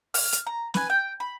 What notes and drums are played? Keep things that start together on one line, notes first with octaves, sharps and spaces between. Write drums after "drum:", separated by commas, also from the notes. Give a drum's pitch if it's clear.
F6, drum: open hi-hat
drum: hi-hat
A#5
B4 G#5, drum: snare
G5
B5